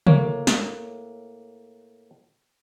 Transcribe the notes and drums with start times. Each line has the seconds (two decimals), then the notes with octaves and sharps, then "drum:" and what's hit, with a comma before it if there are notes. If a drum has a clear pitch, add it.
0.07 A2 A#3 C#5, drum: tom
0.47 drum: snare